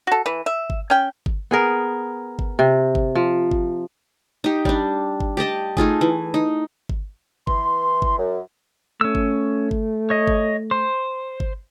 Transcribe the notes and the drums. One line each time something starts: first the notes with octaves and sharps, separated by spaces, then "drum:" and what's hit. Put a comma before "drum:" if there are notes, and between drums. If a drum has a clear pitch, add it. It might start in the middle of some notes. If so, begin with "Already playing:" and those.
F#4 A4
E3 B4
E5
drum: kick G1
C#4 G5
drum: kick G1
B3 G#4 A#4
drum: kick G1
C3
drum: kick G1
F3
drum: kick G1
D#4 G4
G3 D4, drum: kick G1
drum: kick G1
G4 D5 D#5 A5
A3 D#4 F4 G#4, drum: kick G1
E3
D#4
drum: kick G1
E3 C6, drum: kick G1
drum: kick G1
F#2
A3 C#4 E6
drum: kick G1
drum: kick G1
C#5 D#5
drum: kick G1
C5
drum: kick G1